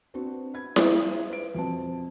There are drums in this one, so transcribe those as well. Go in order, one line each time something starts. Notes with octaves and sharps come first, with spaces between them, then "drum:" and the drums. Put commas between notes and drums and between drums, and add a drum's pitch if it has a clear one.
B3 C4 D4 F#4
B5 G#6
G3, drum: snare E4
C5 E5
B4 D7
F2 B2 C4 A5